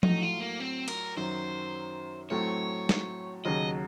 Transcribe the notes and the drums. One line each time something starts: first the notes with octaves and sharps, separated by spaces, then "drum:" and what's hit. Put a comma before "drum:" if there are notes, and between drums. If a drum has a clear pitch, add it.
A2 F#3 A3 D#4, drum: tom F3
F4
A#3
C4
A#4, drum: cymbal
F#2 D#3 F#3 C5
A2 F#3 A3 C4 C#5
drum: snare
D#2 C#3 F#3 D#5